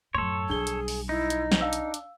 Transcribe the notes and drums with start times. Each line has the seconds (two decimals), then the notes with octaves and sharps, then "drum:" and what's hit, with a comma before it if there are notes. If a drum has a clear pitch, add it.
0.15 F#2 A2 A4 C#5 C6
0.50 B1 G3 D4 G#4 G7
0.67 drum: hi-hat
0.88 drum: open hi-hat
1.09 D#4 E4
1.30 drum: hi-hat
1.52 drum: snare
1.61 D4 F5 E6
1.73 drum: hi-hat
1.94 drum: hi-hat